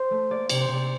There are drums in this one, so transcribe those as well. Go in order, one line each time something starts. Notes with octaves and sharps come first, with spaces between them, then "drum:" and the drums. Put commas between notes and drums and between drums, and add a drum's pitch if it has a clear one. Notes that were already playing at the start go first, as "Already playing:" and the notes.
Already playing: C5
A3
A#3 D5
C3 D5, drum: cymbal
C5
C3 D5